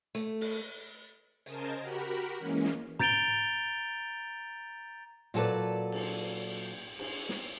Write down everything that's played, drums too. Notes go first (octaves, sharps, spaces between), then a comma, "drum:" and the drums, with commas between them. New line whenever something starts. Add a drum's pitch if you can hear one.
A3, drum: hi-hat
drum: open hi-hat
C#3 A#4 C5 D#5 G#5 A5, drum: hi-hat
F#4 G4 A#4 B5
E3 G#3 A#3 C#4
drum: snare
A#5 G6 A6 D7 F7 G7, drum: tom
A#2 F#3 G#4 A4 B4 D5, drum: hi-hat
drum: cymbal
drum: cymbal
drum: snare